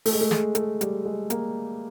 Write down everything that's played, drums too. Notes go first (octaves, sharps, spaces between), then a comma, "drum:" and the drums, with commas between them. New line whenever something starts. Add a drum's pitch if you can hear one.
A3, drum: open hi-hat
G#3
A3
G#3, drum: snare
A3, drum: hi-hat
G3, drum: hi-hat
G#3
A#3, drum: hi-hat